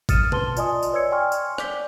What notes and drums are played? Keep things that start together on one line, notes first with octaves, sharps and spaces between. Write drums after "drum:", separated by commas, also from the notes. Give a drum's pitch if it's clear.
D#6 F6 A6 C#7 D#7 E7, drum: kick G#1, tambourine
B4 A5 C6 A6 G7, drum: tom B2
F4 D5 D#5 G#5 C6 D#6, drum: tambourine
drum: tambourine
B4 C#5 D5 E6 G#6 C#7
G5 G#5 C6 C#6 F6
drum: tambourine
D5 D6 G6 B6 G7, drum: rim click